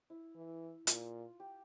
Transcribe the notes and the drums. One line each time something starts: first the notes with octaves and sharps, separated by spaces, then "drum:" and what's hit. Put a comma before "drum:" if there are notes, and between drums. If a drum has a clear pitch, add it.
E4
E3
A#2 F4, drum: hi-hat
G4